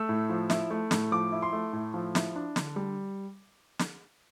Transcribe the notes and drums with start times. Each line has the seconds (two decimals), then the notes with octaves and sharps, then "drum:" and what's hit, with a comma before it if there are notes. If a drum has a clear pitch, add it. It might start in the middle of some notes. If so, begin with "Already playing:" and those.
Already playing: A3 E6
0.09 A2
0.30 F3
0.50 E4, drum: snare
0.70 A3
0.91 A2, drum: snare
1.12 F3 D6
1.32 E4
1.42 C6
1.53 A3
1.73 A2
1.94 F3
2.15 E4, drum: snare
2.35 D4
2.56 D3, drum: snare
2.76 G3
3.79 drum: snare